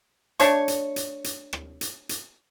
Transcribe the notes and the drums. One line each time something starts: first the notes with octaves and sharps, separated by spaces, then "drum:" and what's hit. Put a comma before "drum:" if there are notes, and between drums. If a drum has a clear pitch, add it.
A3 D4 C#5 C#6, drum: hi-hat
drum: hi-hat
drum: hi-hat
drum: hi-hat
drum: rim click
drum: hi-hat
drum: hi-hat